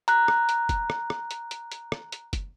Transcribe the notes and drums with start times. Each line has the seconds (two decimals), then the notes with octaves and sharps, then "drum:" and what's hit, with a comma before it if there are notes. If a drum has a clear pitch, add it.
0.08 A#5 F#6, drum: hi-hat
0.28 drum: rim click
0.49 drum: hi-hat
0.69 drum: kick F#1, hi-hat
0.90 drum: rim click
1.10 drum: rim click
1.31 drum: hi-hat
1.51 drum: hi-hat
1.72 drum: hi-hat
1.92 drum: rim click
2.12 drum: hi-hat
2.33 drum: kick F#1, hi-hat